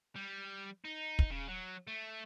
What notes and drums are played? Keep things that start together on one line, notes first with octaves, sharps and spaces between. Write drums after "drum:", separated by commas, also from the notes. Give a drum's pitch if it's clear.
G3
D#4
drum: kick
C#3
F#3
A3